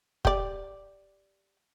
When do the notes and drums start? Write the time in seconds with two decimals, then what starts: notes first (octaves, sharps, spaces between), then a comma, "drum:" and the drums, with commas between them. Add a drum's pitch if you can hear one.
0.25 G4 D5, drum: kick